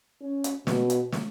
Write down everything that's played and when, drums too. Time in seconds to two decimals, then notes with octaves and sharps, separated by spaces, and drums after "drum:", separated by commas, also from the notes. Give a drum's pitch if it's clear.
0.21 C#4
0.44 drum: hi-hat
0.67 B2, drum: snare
0.90 drum: hi-hat
1.12 drum: snare